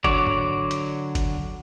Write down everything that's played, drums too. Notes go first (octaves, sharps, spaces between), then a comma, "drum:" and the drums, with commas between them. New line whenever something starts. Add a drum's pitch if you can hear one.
D3 F#3 C#5 D5, drum: kick G1
drum: tom G#2
drum: hi-hat
drum: kick G1, hi-hat